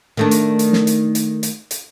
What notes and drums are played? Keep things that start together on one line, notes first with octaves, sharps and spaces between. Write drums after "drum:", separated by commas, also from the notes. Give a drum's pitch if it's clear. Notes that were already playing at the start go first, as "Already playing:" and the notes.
D#3 A3 D4
drum: hi-hat
drum: hi-hat
drum: snare
drum: hi-hat
drum: hi-hat
drum: hi-hat
drum: hi-hat